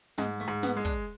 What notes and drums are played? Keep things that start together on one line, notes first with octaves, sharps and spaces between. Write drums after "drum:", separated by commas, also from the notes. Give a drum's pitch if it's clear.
G#2 G#3, drum: snare
A3
G#2
B3, drum: snare
G#3
D4, drum: kick